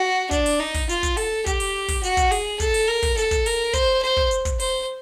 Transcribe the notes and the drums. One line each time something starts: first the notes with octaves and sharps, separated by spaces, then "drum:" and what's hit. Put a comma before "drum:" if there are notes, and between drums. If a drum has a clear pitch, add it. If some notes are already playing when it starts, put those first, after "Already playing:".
Already playing: F#4
D4, drum: kick, hi-hat
drum: open hi-hat
D#4
drum: kick, open hi-hat
F4, drum: hi-hat
drum: kick, hi-hat
A4, drum: open hi-hat
G4, drum: kick, hi-hat
drum: open hi-hat
drum: kick, open hi-hat
F#4, drum: hi-hat
drum: kick, hi-hat
G#4, drum: open hi-hat
A4, drum: kick, hi-hat
drum: open hi-hat
A#4
drum: kick, open hi-hat
A4, drum: hi-hat
drum: kick, hi-hat
A#4, drum: open hi-hat
C5, drum: kick, hi-hat
C5
drum: kick
drum: hi-hat
drum: kick, hi-hat
C5, drum: open hi-hat